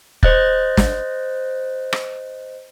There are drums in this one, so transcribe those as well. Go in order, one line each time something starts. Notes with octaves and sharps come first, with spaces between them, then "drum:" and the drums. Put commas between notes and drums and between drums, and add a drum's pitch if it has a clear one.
C5 D#5 F#6 A6, drum: kick
drum: snare
drum: rim click